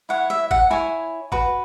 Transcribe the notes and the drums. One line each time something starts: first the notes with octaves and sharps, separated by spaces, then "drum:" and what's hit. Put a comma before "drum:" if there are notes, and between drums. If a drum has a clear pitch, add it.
E4 C#5 F#5
E5
F#5, drum: kick
E4 C#5 G#5
F#4 B4, drum: kick